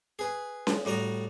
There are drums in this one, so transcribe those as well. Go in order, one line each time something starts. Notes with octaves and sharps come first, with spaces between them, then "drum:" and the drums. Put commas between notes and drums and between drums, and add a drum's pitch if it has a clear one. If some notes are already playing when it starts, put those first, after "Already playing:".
G#4 B4
drum: snare C#4
A2 G3 F#4 A#5 D#6